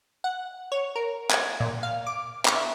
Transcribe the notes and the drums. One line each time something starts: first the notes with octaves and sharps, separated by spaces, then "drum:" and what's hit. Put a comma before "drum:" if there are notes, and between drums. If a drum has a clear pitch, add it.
F#5
C#5
A#4
G#6, drum: clap
A#2
F5
D6
drum: clap
E5